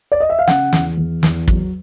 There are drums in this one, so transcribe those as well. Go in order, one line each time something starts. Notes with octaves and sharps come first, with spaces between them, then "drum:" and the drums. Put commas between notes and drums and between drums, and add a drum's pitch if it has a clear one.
D5
D#5
E5
F5
C#3 F#5, drum: snare
E2, drum: snare
E2
E2, drum: snare
F#3, drum: kick